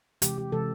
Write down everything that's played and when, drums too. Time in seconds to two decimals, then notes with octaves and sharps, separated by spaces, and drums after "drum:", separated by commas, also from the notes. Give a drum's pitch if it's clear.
0.22 C3 E3 G#3 G4, drum: hi-hat
0.38 G4
0.52 C3 E3 G#3 A4